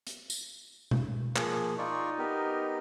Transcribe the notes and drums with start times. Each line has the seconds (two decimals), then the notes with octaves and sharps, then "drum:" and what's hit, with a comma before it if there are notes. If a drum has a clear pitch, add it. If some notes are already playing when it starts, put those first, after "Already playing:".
0.07 drum: hi-hat
0.30 drum: tambourine
0.91 drum: tom B2
1.36 F3 A#3 G#4, drum: clap
1.78 D#4 F4 D5 C#6
2.18 B3 G4 A#4